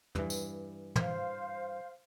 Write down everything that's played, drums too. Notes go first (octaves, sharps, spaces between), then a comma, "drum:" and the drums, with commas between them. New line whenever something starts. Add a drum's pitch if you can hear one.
G2 E3, drum: tom
drum: tambourine
C5 F5, drum: tom